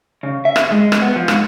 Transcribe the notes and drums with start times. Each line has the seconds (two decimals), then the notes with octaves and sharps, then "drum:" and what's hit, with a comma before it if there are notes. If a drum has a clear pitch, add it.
0.23 C#3
0.45 E5
0.56 drum: rim click
0.71 G#3
0.92 drum: rim click
1.02 B3
1.16 F3
1.28 G#2, drum: rim click